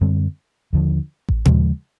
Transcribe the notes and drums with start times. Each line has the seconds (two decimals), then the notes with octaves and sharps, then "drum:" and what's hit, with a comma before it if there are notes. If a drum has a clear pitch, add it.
0.01 F#2 D3 G3 C4
0.73 D#2 D3 F3
1.29 drum: kick A1
1.45 D#2 C#3 F3 G#3, drum: tom A#2